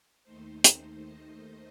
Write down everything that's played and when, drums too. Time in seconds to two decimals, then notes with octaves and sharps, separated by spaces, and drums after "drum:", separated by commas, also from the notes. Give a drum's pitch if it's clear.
0.23 D#2 D#3 A3 D#4 C5
0.64 C5, drum: hi-hat
1.04 D#5